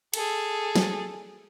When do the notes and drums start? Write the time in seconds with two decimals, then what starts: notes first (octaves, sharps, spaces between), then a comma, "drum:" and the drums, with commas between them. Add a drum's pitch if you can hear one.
0.14 G#4 A4, drum: cymbal
0.76 drum: snare